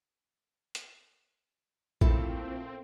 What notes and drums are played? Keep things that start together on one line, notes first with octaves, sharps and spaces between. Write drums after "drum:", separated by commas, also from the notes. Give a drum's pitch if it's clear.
drum: hi-hat
A#2 A3 C4 E4 A4 A#4 E5, drum: kick A1